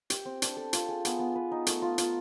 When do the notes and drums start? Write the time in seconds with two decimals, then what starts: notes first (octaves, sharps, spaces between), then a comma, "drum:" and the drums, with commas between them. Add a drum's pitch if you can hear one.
0.10 G4, drum: hi-hat
0.25 C4
0.42 D4, drum: hi-hat
0.57 A4
0.73 F4, drum: hi-hat
0.89 G#4
1.05 B3, drum: hi-hat
1.19 B3
1.36 B4
1.51 D#4
1.67 A3, drum: hi-hat
1.82 F4
1.98 F4, drum: hi-hat